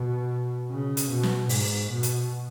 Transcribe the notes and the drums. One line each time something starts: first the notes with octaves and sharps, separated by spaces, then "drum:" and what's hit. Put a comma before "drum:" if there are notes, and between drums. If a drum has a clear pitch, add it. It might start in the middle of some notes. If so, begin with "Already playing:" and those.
Already playing: B2
C#3
drum: hi-hat
B2
drum: snare
G#2, drum: open hi-hat
B2
drum: hi-hat